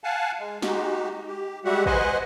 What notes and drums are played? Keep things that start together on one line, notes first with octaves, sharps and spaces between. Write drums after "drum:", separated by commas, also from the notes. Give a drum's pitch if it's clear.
F5 F#5 G#5 A5
G#3
G#3 D#4 F#4 G4, drum: snare
G4
G3 G#3 F#4 G4 E5 F#5
B4 C5 D#5 F#5 G#5, drum: kick